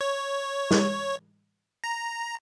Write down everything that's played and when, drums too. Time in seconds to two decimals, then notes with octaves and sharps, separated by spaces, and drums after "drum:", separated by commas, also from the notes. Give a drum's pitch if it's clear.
0.01 C#5
0.71 drum: snare
1.84 A#5